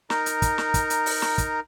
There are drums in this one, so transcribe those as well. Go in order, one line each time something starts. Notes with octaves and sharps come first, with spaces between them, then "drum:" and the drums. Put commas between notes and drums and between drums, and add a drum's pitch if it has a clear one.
D#4 A#4, drum: snare
drum: hi-hat
drum: kick, hi-hat
drum: snare
drum: kick, hi-hat
drum: hi-hat
drum: open hi-hat
drum: snare
drum: kick, hi-hat